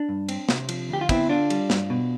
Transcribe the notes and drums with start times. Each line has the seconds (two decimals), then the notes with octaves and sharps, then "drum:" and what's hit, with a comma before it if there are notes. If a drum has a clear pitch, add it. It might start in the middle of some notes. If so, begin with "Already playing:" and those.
Already playing: D4
0.09 G2
0.29 C4, drum: cymbal
0.49 C3, drum: snare
0.69 F3, drum: cymbal
0.89 D2 G4
1.01 F4
1.09 B3 C4 E4, drum: kick, cymbal
1.29 D3 D4 F4
1.50 G3, drum: cymbal
1.70 G2, drum: snare
1.90 B2